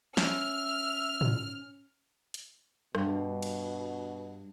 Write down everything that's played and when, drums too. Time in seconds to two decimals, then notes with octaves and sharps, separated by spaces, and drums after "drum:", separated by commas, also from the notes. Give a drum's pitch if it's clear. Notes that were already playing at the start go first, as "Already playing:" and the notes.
0.17 C#4 E5 F6, drum: snare
1.21 drum: tom
2.34 drum: hi-hat
2.95 G2 B2, drum: rim click
3.42 drum: cymbal